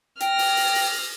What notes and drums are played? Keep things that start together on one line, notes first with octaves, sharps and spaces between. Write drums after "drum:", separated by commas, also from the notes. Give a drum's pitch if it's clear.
G5 F6 A#6, drum: hi-hat
drum: open hi-hat
drum: open hi-hat
drum: open hi-hat